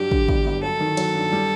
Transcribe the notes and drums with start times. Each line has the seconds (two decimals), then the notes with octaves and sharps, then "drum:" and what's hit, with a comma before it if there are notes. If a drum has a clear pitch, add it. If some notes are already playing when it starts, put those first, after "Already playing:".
Already playing: G2 F#3 G4
0.11 D3, drum: kick
0.29 G1, drum: kick
0.46 G1
0.63 F#3 A4
0.80 D#3
0.97 F#3, drum: cymbal
1.15 G2
1.32 G3